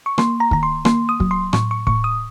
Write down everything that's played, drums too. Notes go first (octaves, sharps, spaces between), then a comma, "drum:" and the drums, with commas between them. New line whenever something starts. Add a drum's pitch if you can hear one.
C#6
A#3 C6, drum: rim click
A#5
D#3 A#5, drum: kick
C6
A#3 C6, drum: rim click
D#6
F#3, drum: kick
C6
A2 C#6, drum: rim click
C#6
A2 C#6, drum: kick
D#6